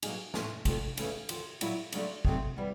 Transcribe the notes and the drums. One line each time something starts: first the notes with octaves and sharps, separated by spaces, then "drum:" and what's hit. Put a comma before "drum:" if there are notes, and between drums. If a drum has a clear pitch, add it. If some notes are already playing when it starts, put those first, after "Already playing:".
B2 F#3 A#3 D#4 G#4, drum: cymbal
A2 F3 A3 C#4, drum: snare
D2 C3 F3 A3, drum: kick, cymbal
E2 C#3 E3 A3 C#4, drum: cymbal
D#2 D3 F3, drum: cymbal
A#2 F#3 B3 E4, drum: cymbal
C#3 F#3 A3 D4 F4, drum: cymbal
D#3 F#3 A3 C4, drum: kick
E3 G3 B3